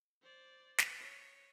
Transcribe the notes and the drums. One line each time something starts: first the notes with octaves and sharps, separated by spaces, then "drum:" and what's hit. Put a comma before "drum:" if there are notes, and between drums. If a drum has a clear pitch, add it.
C5 D5
drum: snare
C#5